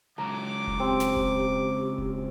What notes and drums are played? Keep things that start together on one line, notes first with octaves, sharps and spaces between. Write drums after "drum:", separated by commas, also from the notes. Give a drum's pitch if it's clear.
C#2 F#3 A#5 D6
drum: kick E1
C4 G4
drum: snare
drum: kick E1
drum: kick E1